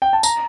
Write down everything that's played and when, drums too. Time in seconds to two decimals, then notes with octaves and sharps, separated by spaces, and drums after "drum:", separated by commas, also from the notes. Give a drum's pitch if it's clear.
0.02 G5
0.13 A5
0.23 A#5, drum: tambourine